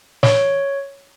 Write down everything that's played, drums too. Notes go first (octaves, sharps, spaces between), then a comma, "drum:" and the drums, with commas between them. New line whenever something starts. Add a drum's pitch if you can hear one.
C#5, drum: snare